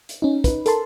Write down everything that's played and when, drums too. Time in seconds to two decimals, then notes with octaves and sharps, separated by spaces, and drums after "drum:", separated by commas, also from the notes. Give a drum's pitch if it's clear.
0.09 drum: hi-hat
0.22 C#4 D#4
0.44 D#4 B4, drum: kick, hi-hat
0.66 A4 A#4 A5 C6, drum: hi-hat